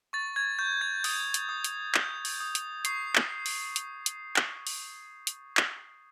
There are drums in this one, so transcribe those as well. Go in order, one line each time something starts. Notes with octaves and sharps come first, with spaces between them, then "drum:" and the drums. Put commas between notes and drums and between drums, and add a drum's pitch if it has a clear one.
C#6 A6
G#6
C#6 G6
G#6
D#6 G6, drum: open hi-hat
drum: hi-hat
D#6
drum: hi-hat
G6, drum: clap
drum: open hi-hat
D#6
drum: hi-hat
C#6 C7, drum: hi-hat
drum: clap
drum: open hi-hat
drum: hi-hat
drum: hi-hat
drum: clap
drum: open hi-hat
drum: hi-hat
drum: clap